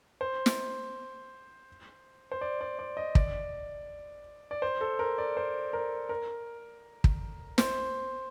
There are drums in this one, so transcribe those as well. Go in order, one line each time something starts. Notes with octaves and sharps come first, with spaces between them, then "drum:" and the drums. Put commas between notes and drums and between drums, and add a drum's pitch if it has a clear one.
C5
drum: snare
C5
D5
D5
D5
D#5
D5, drum: kick
D5
C5
A4
A#4
D5
C5
A#4
A#4
drum: kick
C5, drum: snare